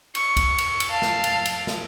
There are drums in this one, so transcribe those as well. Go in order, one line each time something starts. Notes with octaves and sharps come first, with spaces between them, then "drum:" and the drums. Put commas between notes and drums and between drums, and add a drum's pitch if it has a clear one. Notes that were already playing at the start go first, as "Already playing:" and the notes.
C#6, drum: cymbal
drum: kick, cymbal
drum: cymbal
drum: cymbal
F5 A5
drum: snare
drum: cymbal
drum: cymbal
drum: snare